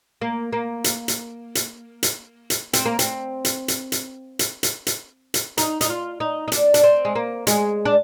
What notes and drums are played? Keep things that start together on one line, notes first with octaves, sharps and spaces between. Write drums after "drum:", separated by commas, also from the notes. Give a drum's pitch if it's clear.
A#3
A#3
drum: hi-hat
drum: hi-hat
drum: hi-hat
drum: hi-hat
drum: hi-hat
C4, drum: hi-hat
A#3
C4, drum: hi-hat
drum: hi-hat
drum: hi-hat
drum: hi-hat
drum: hi-hat
drum: hi-hat
drum: hi-hat
drum: hi-hat
D#4, drum: hi-hat
D#4, drum: hi-hat
F4
D#4
D#4
D4, drum: hi-hat
D4, drum: hi-hat
C4
G#3
A#3
G#3, drum: hi-hat
D4